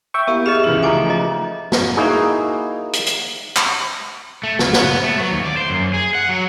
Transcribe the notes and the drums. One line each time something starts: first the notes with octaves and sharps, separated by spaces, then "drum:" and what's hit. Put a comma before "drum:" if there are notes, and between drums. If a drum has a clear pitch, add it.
E5 G5 C#6
A#3 B3 E4 G4
G4 G#4 D#5 E5 F6
C#2 E3 F#7
F3 A3 D#4 F#5 G#5 D6
F4 D#5 A#5
drum: snare
A#3 D#4 E4 F#4 G#4
drum: hi-hat
drum: hi-hat
drum: clap
A3
C#2, drum: snare
B3, drum: snare
A3
F#3
D#2
D5
C5
F#2
G#4
F#5
F#3